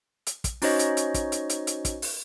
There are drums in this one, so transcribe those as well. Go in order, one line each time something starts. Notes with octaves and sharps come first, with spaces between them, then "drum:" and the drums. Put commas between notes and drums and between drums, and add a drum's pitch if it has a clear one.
drum: hi-hat
drum: kick, hi-hat
C#4 D#4 F#4 C5 C#5 D#5, drum: open hi-hat
drum: hi-hat
drum: hi-hat
drum: kick, hi-hat
drum: hi-hat
drum: hi-hat
drum: hi-hat
drum: kick, hi-hat
drum: open hi-hat